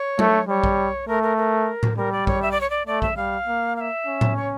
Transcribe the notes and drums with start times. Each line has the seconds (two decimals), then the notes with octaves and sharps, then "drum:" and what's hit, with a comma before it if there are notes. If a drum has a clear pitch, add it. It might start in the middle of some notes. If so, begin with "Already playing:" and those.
Already playing: C#5
0.19 A3, drum: tom F#3
0.48 G3 C#5
0.64 drum: kick A#1
1.08 A3 A#4
1.23 A#4
1.38 A#4
1.83 drum: tom A2
1.97 G3 A#4
2.12 D5
2.27 C#5, drum: kick A#1
2.42 E5
2.52 D5
2.61 C#5
2.70 D5
2.87 A3 D5
3.02 E5, drum: kick A#1
3.17 G3 F5
3.47 A#3
3.76 F5
3.81 E5
4.06 C#4
4.21 drum: tom A2
4.36 C#5